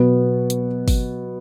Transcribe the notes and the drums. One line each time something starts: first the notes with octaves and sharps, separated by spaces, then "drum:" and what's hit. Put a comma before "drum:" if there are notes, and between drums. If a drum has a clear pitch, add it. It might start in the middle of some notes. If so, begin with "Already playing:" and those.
Already playing: B2 F#3 B3
drum: hi-hat
drum: kick, open hi-hat